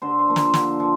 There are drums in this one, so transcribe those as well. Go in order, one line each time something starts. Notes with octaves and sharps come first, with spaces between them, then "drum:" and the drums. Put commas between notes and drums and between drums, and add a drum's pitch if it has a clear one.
D3 C5
C5
F3 A#3
C5, drum: snare
D3, drum: snare
F3